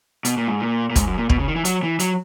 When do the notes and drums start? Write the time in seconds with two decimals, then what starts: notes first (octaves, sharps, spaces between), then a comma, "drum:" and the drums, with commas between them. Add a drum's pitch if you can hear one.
0.25 B2, drum: hi-hat
0.37 A#2
0.48 G#2
0.60 A#2
0.90 A#2
0.96 G#2, drum: kick, hi-hat
1.07 F#2
1.18 A#2
1.30 B2, drum: kick
1.39 C#3
1.48 D#3
1.56 E3
1.65 F#3, drum: hi-hat
1.83 E3
1.99 F#3, drum: hi-hat